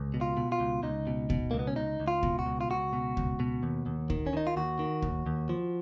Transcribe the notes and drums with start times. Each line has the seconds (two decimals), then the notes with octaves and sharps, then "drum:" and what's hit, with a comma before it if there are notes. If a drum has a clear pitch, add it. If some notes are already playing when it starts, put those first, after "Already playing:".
Already playing: C#2
0.14 B2
0.21 F4
0.37 B2
0.52 F4
0.60 C#2
0.83 C#2 D#4
1.07 B2
1.30 B2, drum: kick
1.51 C#2 A#3
1.59 B3
1.67 C#4
1.76 C#2 D#4
2.00 C#2
2.08 F4
2.23 B2, drum: kick
2.39 F#4
2.46 C#2
2.61 F4
2.70 C#2 F#4
2.93 B2
3.17 C#2, drum: kick
3.40 B2
3.63 D#2
3.86 D#2
4.10 D#3, drum: kick
4.27 C#4
4.33 D#3 D#4
4.47 F4
4.56 D#2 F#4
4.79 D#3
5.02 D#2, drum: kick
5.26 D#2
5.49 F3